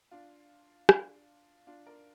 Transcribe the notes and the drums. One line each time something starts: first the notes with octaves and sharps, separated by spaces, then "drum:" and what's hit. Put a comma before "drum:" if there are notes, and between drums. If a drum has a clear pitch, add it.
D4 F4
D4 F4, drum: rim click
D4 F4
A#4 D5